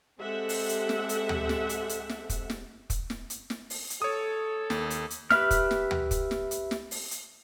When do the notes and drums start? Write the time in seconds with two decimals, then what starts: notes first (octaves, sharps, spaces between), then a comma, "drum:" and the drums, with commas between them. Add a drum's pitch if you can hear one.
0.20 G#3 C4 G4 A4 E5 F#5
0.49 drum: open hi-hat
0.69 drum: hi-hat
0.89 drum: snare
1.09 drum: hi-hat
1.29 drum: tom D2
1.49 drum: snare
1.69 drum: hi-hat
1.89 drum: hi-hat
2.09 drum: snare
2.29 drum: kick, hi-hat
2.50 drum: snare
2.90 drum: kick, hi-hat
3.10 drum: snare
3.30 drum: hi-hat
3.50 drum: snare
3.70 drum: open hi-hat
3.90 drum: hi-hat
4.02 A4 C#5 D#6
4.70 D#2, drum: snare
4.90 drum: hi-hat
5.10 drum: hi-hat
5.30 G4 B4 E5 F6, drum: snare
5.51 drum: kick, hi-hat
5.71 drum: snare
5.91 drum: tom D2
6.11 drum: kick, hi-hat
6.31 drum: snare
6.51 drum: hi-hat
6.71 drum: snare
6.91 drum: open hi-hat
7.11 drum: hi-hat